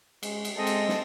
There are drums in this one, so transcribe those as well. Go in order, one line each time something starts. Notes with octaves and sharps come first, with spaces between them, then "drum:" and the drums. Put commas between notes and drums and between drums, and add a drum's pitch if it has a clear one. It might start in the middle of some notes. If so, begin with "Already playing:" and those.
G#3, drum: cymbal
drum: cymbal
G#3 C4 A4 D#5
drum: cymbal
drum: snare